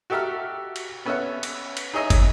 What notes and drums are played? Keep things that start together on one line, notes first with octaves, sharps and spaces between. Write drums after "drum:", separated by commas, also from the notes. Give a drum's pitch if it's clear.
F#4 G4 A4 E5 A#5 F6
drum: cymbal
B3 C#4 A4 C#5 E5 F#5
drum: cymbal
drum: cymbal
D#4 G#4 C#5 D#5 E5 G#5
drum: kick, cymbal